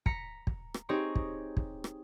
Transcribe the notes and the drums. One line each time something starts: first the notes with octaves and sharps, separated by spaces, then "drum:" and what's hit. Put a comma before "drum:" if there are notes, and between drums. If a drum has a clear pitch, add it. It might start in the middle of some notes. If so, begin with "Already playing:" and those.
A#5 B6 C#7, drum: kick
drum: kick
drum: rim click
C4 D#4 G4 G#4 C#5
drum: kick
drum: kick
drum: rim click